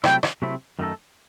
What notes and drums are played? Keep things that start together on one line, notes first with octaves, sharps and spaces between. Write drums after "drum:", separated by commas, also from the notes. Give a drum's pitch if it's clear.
C3 F#3 A3 C4 E4 G5, drum: rim click
drum: rim click
C3 F#3 A3 C4 E4
F#2 D#3 A3 D#4 A4